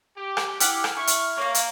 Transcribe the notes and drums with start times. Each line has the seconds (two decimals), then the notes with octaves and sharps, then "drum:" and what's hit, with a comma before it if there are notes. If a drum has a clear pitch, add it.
0.17 G4
0.37 drum: rim click
0.60 E4 G4 F#5 D6 F6, drum: hi-hat
0.84 drum: rim click
0.97 E4 C#6
1.07 drum: hi-hat
1.37 A#3 C#5 F5
1.55 drum: hi-hat